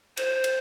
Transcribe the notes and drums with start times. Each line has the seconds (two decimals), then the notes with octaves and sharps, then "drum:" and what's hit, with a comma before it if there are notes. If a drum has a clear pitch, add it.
0.17 C5, drum: cymbal
0.44 drum: cymbal